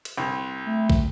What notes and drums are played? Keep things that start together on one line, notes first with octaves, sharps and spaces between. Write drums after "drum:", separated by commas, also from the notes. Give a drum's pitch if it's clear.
drum: hi-hat
C2
A3
drum: kick